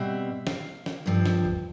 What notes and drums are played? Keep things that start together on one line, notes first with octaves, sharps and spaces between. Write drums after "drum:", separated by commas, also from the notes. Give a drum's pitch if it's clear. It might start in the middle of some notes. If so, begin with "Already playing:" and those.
Already playing: B2 G3 C4 E5
F5, drum: snare
drum: snare
G2 F3 C4
drum: snare
drum: kick